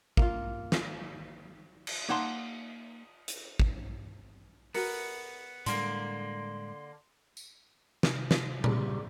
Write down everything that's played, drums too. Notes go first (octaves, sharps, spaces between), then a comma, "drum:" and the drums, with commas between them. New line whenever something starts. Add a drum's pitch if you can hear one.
A#3 F4, drum: kick
drum: snare
drum: cymbal
A#3 D#4 F#5 A5 C6
drum: hi-hat
drum: kick
B3 F#4 A#4 C#7, drum: open hi-hat
A2 D3 G3 G#3 A#3 C6, drum: hi-hat
drum: tambourine
C3, drum: snare
drum: snare
C#3 G3 G4, drum: tom A#2